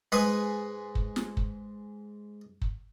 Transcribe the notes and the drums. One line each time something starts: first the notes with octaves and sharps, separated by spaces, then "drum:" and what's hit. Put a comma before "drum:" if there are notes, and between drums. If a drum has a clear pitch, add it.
G#2 G#3 G#4 B4 G#5
drum: kick
drum: snare
drum: kick
drum: kick